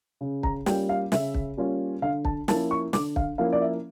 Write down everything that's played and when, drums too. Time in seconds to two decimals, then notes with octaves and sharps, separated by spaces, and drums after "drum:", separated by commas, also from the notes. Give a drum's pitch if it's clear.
0.21 C#3
0.43 A#5, drum: kick
0.66 G3 A#3 C#4 F4 G5, drum: snare
0.89 F5
1.12 C#3 E5, drum: snare
1.34 drum: kick
1.57 G3 A#3 C#4 F4
2.02 D3 F5
2.25 A5, drum: kick
2.48 F3 A#3 C#4 E4 A5, drum: snare
2.71 C#6
2.93 D3 D6, drum: snare
3.16 F5, drum: kick
3.38 F3 A#3 C#4 E4 F5
3.53 D5
3.61 E5